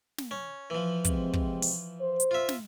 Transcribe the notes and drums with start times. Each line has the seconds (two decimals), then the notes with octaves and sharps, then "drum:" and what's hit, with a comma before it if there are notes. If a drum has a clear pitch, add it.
0.18 drum: snare
0.31 C#4
0.70 E3 F3
1.05 C3 G#3 C4, drum: kick, hi-hat
1.33 drum: kick
1.62 drum: open hi-hat
2.00 C5
2.20 drum: hi-hat
2.31 F4 E5
2.49 drum: snare